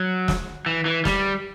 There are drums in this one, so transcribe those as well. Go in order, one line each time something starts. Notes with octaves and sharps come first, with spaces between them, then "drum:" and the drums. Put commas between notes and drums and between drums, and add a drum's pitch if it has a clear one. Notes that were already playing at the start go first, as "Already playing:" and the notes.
Already playing: F#3
drum: snare
E3
E3
G3, drum: snare